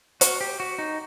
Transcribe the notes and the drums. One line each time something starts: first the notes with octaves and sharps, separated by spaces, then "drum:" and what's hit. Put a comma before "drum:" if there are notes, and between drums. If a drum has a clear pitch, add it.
F#4, drum: hi-hat
G4
F#4
D#4